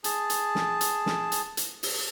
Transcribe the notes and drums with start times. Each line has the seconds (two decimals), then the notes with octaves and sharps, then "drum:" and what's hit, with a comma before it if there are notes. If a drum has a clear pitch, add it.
0.04 G#4 A5, drum: hi-hat
0.30 drum: hi-hat
0.55 drum: snare
0.81 drum: hi-hat
1.06 drum: snare
1.32 drum: hi-hat
1.57 drum: hi-hat
1.83 drum: open hi-hat